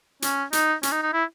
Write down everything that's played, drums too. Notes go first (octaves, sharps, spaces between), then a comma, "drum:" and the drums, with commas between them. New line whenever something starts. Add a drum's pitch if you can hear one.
C#4, drum: hi-hat
D#4, drum: hi-hat
C#4, drum: hi-hat
D#4
D#4
E4